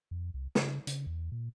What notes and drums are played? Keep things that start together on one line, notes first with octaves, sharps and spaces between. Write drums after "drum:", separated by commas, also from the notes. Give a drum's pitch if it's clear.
F2
C2
C#3, drum: snare
C#3, drum: hi-hat
E2
A#2